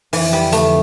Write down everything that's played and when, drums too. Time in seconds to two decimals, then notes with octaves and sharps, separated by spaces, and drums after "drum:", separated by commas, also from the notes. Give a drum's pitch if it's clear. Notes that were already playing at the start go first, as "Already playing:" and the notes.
0.13 F2 D3 E3 F3, drum: open hi-hat
0.33 G3
0.52 A3, drum: hi-hat